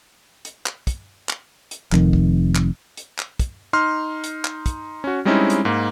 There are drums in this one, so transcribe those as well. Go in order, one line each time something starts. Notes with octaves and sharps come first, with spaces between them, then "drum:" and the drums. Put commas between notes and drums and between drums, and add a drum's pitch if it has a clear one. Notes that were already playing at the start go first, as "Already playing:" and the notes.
drum: hi-hat
drum: clap
drum: kick, hi-hat
drum: clap
drum: hi-hat
F1 F2 D#3, drum: clap
drum: kick
drum: clap
drum: hi-hat
drum: clap
drum: kick, hi-hat
D#4 C6 F6
drum: hi-hat
drum: clap
drum: kick, hi-hat
C#4 F#4
G3 G#3 C4 C#4 D#4 E4
drum: hi-hat
G#2 A#3